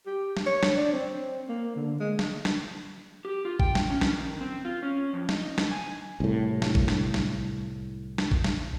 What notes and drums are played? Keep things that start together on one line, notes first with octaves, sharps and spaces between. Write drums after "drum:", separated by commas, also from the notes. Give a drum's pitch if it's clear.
G4
drum: snare
C#5
drum: snare
D4
C4
A#3
D3
G#3
drum: snare
drum: snare
G4
F4
G5, drum: kick A1
drum: snare
C#4
drum: snare
D#3
C4
F4
C#4
F2
D#4, drum: snare
drum: snare
G#5
C2 A2
drum: snare
drum: kick A1
drum: snare
drum: snare
drum: snare
drum: kick A1
drum: snare